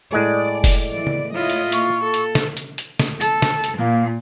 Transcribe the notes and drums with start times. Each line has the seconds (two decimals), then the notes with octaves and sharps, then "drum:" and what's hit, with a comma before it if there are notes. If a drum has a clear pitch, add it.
0.13 A2 G#3 G#4 D5
0.64 drum: kick F1, open hi-hat
0.93 E3 D5
1.07 drum: tom C#3
1.34 A3 E4 F4 C#5 D#5
1.50 drum: hi-hat
1.72 A#2 C#6, drum: hi-hat
2.04 A4
2.14 drum: hi-hat
2.35 drum: snare
2.57 drum: hi-hat
2.78 drum: hi-hat
3.00 drum: snare
3.21 A4, drum: hi-hat
3.42 drum: snare
3.64 drum: hi-hat
3.78 A#2 A#3